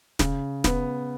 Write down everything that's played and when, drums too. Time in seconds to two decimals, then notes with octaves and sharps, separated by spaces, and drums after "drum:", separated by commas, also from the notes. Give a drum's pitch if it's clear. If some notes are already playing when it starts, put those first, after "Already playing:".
0.19 C#3, drum: snare
0.64 B3, drum: snare